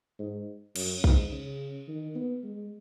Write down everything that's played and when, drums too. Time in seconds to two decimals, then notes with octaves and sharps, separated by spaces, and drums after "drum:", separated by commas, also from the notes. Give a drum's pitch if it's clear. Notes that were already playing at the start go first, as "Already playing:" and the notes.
0.19 G#2
0.76 F#2, drum: cymbal
1.04 G#2, drum: kick A#1
1.32 C#3
1.88 D#3
2.16 B3
2.44 G#3